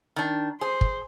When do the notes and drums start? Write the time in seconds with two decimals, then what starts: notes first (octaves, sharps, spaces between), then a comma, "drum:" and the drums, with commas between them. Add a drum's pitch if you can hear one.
0.16 D#3 D4
0.61 G#4 C5
0.81 drum: kick